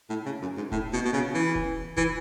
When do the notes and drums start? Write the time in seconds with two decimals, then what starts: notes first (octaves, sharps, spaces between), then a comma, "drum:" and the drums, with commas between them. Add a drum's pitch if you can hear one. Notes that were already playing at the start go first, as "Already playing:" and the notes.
0.10 A2
0.26 C#3
0.42 F#2
0.57 G#2
0.72 A2, drum: kick
0.93 B2
1.05 B2
1.13 C#3
1.35 E3
1.55 drum: kick
1.97 E3, drum: kick